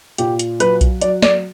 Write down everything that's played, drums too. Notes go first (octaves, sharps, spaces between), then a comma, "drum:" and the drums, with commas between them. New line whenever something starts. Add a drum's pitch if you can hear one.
A#2 G4, drum: hi-hat
drum: hi-hat
F#3 B4, drum: hi-hat
drum: kick B1, hi-hat
F#3 D5, drum: hi-hat
D5, drum: snare